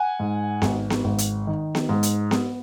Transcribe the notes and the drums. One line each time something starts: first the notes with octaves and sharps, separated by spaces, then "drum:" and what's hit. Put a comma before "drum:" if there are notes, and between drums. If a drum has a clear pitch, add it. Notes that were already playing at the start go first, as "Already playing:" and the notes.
Already playing: F#5 G#5
G#2
G#1, drum: snare B3
drum: snare B3
G#1
drum: hi-hat
D#3
drum: snare B3
G#2
drum: hi-hat
B3, drum: snare B3